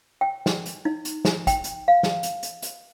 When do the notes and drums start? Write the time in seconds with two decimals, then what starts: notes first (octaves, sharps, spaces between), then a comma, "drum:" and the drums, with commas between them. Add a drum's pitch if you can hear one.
0.21 G5
0.46 drum: snare
0.66 drum: hi-hat
0.85 D#4
1.05 drum: hi-hat
1.25 drum: snare
1.47 G5, drum: kick, hi-hat
1.64 drum: hi-hat
1.88 F5
2.03 drum: snare
2.23 drum: hi-hat
2.43 drum: hi-hat
2.62 drum: hi-hat